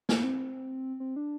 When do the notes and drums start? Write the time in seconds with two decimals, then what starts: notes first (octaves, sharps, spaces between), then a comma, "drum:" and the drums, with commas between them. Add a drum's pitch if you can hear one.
0.09 A#3, drum: snare
0.24 C4
1.00 C4
1.16 D4